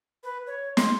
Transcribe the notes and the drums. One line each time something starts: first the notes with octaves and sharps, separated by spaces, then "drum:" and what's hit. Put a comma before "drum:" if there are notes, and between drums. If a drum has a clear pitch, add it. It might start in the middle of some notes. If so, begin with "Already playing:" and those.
B4
C#5
C6, drum: snare